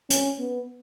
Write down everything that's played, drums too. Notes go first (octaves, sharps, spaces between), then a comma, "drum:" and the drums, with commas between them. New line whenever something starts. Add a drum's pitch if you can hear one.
C#4, drum: hi-hat
B3